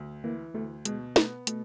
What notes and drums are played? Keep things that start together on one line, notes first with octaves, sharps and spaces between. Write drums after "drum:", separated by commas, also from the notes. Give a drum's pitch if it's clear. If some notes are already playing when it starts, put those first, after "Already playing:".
Already playing: D2
E3 A#3
D2 A3
B2 G#3, drum: hi-hat
A3 B3, drum: snare
B2 A3, drum: hi-hat